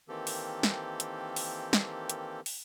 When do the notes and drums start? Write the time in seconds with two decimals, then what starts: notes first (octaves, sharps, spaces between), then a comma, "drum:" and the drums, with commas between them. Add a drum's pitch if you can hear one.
0.09 D#3 E3 A#3 C4 G4 A4
0.27 drum: open hi-hat
0.63 drum: snare
1.00 drum: hi-hat
1.36 drum: open hi-hat
1.73 drum: snare
2.10 drum: hi-hat
2.46 drum: open hi-hat